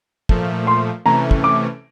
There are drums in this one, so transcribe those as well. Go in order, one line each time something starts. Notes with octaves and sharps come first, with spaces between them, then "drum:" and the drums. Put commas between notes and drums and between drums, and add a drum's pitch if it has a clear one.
A#2 F3 A3, drum: kick
C6
C3 E3 A3 C#4 A#5
drum: kick
D6